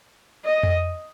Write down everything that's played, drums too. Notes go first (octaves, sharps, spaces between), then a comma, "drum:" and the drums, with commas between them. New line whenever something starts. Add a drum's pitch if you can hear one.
D#5
drum: tom F2